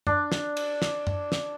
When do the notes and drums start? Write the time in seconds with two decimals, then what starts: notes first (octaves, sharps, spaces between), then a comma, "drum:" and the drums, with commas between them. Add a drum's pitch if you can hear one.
0.07 D4, drum: tom F#2
0.32 drum: snare
0.57 drum: cymbal
0.82 drum: snare
1.07 drum: tom F#2
1.32 drum: snare